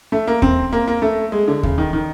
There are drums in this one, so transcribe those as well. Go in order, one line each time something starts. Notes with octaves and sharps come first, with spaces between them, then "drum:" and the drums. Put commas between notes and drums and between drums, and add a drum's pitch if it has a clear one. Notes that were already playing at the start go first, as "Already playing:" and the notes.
A3
A#3
C4, drum: kick D#2
A#3
A#3
A3
G#3
D3
C#3, drum: kick D#2
D#3
D#3